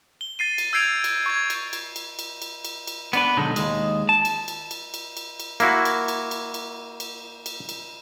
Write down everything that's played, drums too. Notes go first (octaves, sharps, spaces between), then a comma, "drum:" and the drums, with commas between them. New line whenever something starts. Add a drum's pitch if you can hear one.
G7
A6 C7 D#7
drum: cymbal
E6 G6 G#6 C7 D7 F7
drum: cymbal
C#6 G#6
drum: cymbal
drum: cymbal
drum: cymbal
drum: cymbal
drum: cymbal
drum: cymbal
drum: cymbal
B3 D4 B4, drum: cymbal
B2 D3 F#3 G#3 D#4
D#2 G#3, drum: cymbal
A5
drum: cymbal
drum: cymbal
drum: cymbal
drum: cymbal
drum: cymbal
drum: cymbal
A#3 E4 F#4, drum: cymbal
drum: cymbal
drum: cymbal
drum: cymbal
drum: cymbal
drum: cymbal
drum: cymbal
drum: cymbal